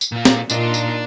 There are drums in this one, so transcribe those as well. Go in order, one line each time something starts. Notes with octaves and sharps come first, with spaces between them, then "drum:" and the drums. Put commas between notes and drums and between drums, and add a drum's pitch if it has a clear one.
drum: tambourine
A#2 F4
drum: snare
A#2 D4 D#4 F4 D5, drum: tambourine
drum: tambourine